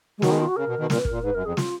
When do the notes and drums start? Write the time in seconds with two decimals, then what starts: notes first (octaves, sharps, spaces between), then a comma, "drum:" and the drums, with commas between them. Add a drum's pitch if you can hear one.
0.18 G#3
0.22 B2 D#3 F#3, drum: snare
0.31 G#3
0.40 F4
0.48 F#4
0.56 C#3 A#4
0.67 B2
0.79 B2 D#3
0.90 A#2 A#4, drum: snare
0.98 B4
1.05 A#4, drum: kick
1.11 A#2
1.22 G#2 B4
1.34 F#2 A#4
1.45 F2 G#4
1.57 F4, drum: snare